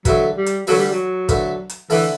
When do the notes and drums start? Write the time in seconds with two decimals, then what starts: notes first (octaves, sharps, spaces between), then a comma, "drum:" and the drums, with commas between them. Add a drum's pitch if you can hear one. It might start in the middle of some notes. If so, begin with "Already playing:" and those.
0.05 D3 F#3 A3 E4 B4, drum: kick, hi-hat
0.36 G3
0.46 drum: hi-hat
0.67 D3 F#3 A3 E4 B4, drum: open hi-hat
0.79 G3
0.91 F#3
1.29 D3 A3 E4 B4, drum: kick, hi-hat
1.69 drum: hi-hat
1.90 D3 E3 A3 E4 B4, drum: open hi-hat